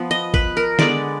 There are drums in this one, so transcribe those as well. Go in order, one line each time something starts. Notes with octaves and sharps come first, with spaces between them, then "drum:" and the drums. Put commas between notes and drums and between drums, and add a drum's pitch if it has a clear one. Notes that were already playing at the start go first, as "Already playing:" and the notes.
Already playing: F3 B3
D#5
B4, drum: kick
A#4
D3 G#3 B3 D5, drum: snare